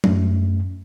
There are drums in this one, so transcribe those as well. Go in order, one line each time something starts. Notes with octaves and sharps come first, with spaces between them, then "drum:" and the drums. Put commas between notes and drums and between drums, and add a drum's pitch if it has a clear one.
F#2 A3 C#4, drum: tom